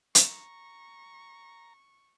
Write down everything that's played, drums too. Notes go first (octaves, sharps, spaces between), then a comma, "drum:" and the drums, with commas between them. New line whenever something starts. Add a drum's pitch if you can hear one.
A#5 C#6, drum: hi-hat